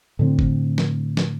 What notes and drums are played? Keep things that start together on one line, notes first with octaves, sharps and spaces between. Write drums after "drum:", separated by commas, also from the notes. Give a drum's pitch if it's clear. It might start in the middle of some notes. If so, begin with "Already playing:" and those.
A2 D3 C4
drum: kick
drum: snare
drum: snare